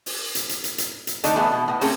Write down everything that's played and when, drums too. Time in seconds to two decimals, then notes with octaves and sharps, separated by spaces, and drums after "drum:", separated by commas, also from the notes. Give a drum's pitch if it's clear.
0.06 drum: open hi-hat
0.35 drum: hi-hat
0.49 drum: hi-hat
0.64 drum: hi-hat
0.78 drum: hi-hat
1.07 drum: hi-hat
1.24 D3 A3 D4 D#4, drum: hi-hat
1.36 E3 A3 B3 E4 G#4
1.52 B2
1.68 A2 B3
1.81 A3 A#3 C4 C#4 G#4 A#4, drum: open hi-hat